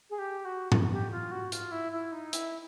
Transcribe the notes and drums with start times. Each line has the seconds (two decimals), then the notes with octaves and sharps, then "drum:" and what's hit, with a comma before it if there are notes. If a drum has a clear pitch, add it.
0.10 G#4
0.19 G4
0.45 F#4
0.72 drum: tom G#2
0.92 G4
1.12 F4
1.32 F#4
1.52 F4, drum: hi-hat
1.72 E4
1.92 E4
2.12 D#4
2.33 E4, drum: hi-hat